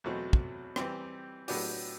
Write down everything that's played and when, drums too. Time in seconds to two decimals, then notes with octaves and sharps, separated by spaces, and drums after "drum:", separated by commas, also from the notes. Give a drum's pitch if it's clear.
0.04 E2 B2 F#3 A3 C4
0.33 drum: kick
0.76 E3 G3 C4 G4, drum: rim click
1.48 A2 F#3 B3 D4 G4, drum: open hi-hat